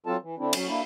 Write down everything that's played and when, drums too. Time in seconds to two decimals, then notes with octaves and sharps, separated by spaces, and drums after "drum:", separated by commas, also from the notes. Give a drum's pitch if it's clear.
0.06 F#3 C4 F4 A4 A5
0.22 E3
0.39 D3 C4 D4 E4
0.53 F#3 C#4, drum: cymbal
0.68 A#3 D4 E4